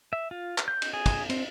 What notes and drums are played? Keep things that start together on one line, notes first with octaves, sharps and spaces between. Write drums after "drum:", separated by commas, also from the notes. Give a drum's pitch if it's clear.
E5
F4
drum: clap
G6
drum: cymbal
G#4
drum: kick, cymbal
C4, drum: cymbal